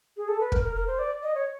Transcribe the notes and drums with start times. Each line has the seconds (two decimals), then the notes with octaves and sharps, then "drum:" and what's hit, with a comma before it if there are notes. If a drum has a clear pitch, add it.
0.17 G#4
0.28 A4
0.40 B4
0.52 A#4, drum: kick
0.63 A#4
0.75 A#4
0.87 C5
0.98 D5
1.23 D#5
1.34 C#5